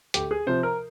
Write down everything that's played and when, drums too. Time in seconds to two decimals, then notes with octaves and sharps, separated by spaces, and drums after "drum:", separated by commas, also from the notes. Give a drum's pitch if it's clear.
0.14 D2 G4, drum: hi-hat
0.31 G#4
0.46 C3 F3 C5
0.63 A#4